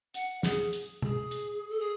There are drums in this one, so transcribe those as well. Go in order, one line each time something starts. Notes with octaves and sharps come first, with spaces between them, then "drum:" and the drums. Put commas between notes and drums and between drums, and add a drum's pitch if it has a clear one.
F#5, drum: hi-hat
G#4, drum: snare
drum: hi-hat
G#4, drum: tom B2
drum: hi-hat
A4
G#4